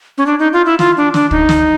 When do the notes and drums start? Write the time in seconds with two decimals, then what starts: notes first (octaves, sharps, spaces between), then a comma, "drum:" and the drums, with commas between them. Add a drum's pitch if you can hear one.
0.18 C#4
0.26 D4
0.39 D#4
0.53 F4
0.66 E4
0.79 F4, drum: snare
0.97 D4
1.14 D4, drum: snare
1.31 D#4, drum: kick
1.49 drum: snare